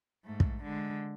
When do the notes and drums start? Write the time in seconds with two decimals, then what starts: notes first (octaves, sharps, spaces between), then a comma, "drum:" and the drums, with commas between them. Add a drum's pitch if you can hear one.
0.25 G#2 A3
0.40 drum: kick
0.63 D3 G#3